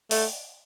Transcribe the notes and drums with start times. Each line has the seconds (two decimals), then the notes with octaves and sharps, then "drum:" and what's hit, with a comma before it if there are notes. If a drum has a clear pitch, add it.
0.11 A3, drum: open hi-hat